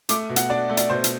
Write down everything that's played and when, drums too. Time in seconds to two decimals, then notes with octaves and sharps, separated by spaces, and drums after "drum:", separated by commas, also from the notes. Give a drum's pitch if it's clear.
0.09 A3 D6, drum: hi-hat
0.29 B2
0.36 F#5, drum: hi-hat
0.50 D4 D5
0.69 A3
0.77 D5, drum: hi-hat
0.90 B2 C5
1.04 drum: hi-hat